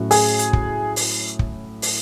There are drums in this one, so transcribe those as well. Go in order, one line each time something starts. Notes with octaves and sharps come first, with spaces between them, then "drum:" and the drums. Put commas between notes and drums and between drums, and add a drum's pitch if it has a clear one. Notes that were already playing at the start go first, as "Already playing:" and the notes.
Already playing: A2 F#3 A3 C#4 F#4
G#4, drum: open hi-hat
drum: hi-hat
drum: kick
drum: open hi-hat
drum: kick
drum: open hi-hat